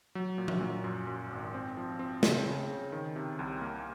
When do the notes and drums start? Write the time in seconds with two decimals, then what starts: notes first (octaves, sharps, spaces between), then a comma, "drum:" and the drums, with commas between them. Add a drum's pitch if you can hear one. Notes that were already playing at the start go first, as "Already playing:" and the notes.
0.15 F#3
0.38 A#2
0.48 drum: tom F3
0.60 A#2
0.84 F#2
1.07 F#2
1.31 G#1
1.54 C4
1.77 F3
1.99 C4
2.23 C#3, drum: snare
2.46 C#3
2.69 C#3
2.92 D#3
3.16 C3
3.39 C2
3.61 A#3